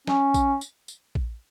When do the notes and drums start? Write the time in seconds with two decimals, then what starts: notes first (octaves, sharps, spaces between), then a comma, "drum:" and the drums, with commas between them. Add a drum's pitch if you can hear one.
0.07 C#4, drum: snare
0.34 drum: kick, tambourine
0.61 drum: tambourine
0.88 drum: tambourine
1.15 drum: kick